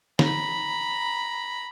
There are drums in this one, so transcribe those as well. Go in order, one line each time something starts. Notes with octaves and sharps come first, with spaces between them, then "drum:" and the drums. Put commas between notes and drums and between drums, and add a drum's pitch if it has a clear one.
A#5 B5, drum: snare D#4